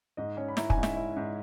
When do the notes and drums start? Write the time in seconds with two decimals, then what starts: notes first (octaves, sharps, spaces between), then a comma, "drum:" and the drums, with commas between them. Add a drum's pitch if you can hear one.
0.17 G#2 D#5
0.37 C#4 C#5
0.48 B5
0.57 E4 A#5, drum: snare
0.70 G#5, drum: kick
0.77 G#2
0.83 E5, drum: snare
0.96 E4
1.17 G#2